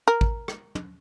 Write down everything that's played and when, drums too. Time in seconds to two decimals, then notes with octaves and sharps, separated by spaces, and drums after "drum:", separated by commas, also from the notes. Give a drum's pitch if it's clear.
0.08 A#4
0.21 drum: kick
0.48 drum: rim click
0.75 drum: tom